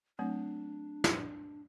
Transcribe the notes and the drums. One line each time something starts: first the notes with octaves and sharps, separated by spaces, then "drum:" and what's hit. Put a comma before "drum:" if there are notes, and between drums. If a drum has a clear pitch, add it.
F#3 A3 C4 D4
drum: snare